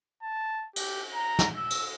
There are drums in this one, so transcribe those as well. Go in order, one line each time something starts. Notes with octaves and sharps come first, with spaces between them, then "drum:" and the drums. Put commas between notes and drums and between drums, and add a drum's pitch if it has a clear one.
A5
G4, drum: cymbal
A#5
drum: snare
E6
drum: cymbal